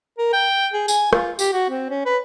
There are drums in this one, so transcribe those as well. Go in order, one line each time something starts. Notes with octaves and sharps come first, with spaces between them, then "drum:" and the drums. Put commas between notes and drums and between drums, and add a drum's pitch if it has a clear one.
A#4
G5
G#4
G#5, drum: tambourine
F4, drum: rim click
G4, drum: tambourine
F#4
C4
C#4
B4